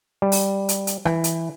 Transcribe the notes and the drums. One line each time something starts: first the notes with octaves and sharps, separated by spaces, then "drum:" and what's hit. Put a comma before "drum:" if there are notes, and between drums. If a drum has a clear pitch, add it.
G3
drum: open hi-hat
drum: hi-hat
drum: hi-hat
E3, drum: rim click
drum: hi-hat